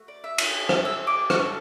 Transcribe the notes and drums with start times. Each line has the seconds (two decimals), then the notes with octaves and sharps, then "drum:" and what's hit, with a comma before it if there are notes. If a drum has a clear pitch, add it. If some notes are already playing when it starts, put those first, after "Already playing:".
Already playing: A3 F#4
0.08 D5
0.24 E5
0.38 A3 E4 G4, drum: cymbal
0.69 drum: rim click
0.85 E6
1.07 D6
1.30 C#4 F#4 A4 C#6, drum: rim click